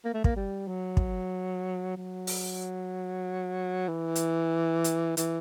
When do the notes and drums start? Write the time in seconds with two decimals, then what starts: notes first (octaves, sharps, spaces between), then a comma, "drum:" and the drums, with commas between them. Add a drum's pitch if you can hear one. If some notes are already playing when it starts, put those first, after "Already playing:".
0.05 A#3
0.14 A3
0.24 A#3, drum: kick
0.36 G3
0.68 F#3
0.97 drum: kick
1.97 F#3
2.27 drum: open hi-hat
3.88 E3
4.16 drum: hi-hat
4.84 drum: hi-hat
5.17 E3, drum: hi-hat